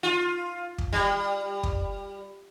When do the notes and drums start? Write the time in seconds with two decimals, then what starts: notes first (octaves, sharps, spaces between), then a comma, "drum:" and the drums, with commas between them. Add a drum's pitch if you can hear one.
0.03 F4
0.78 drum: kick
0.93 G3
1.63 drum: kick